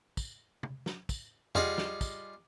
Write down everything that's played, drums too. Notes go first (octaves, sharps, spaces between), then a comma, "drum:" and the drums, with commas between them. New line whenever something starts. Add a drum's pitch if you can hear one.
drum: kick, tambourine
drum: tom
drum: snare
drum: kick, tambourine
G3 F4 G#4 D#5 F#5, drum: tom
drum: snare
drum: kick, tambourine